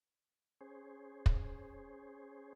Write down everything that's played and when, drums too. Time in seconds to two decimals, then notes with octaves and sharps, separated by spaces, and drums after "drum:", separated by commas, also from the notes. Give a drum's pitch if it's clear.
0.61 C#4 G#4 C5
1.26 drum: kick